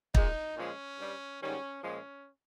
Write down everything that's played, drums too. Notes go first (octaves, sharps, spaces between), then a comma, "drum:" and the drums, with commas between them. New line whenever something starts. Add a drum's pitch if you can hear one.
A#2 G#3 D#4, drum: kick
A#2 F3 G#3 C#4
G2 G3
G#2 D#3 G3 C#4
A#2 F3 G#3 C#4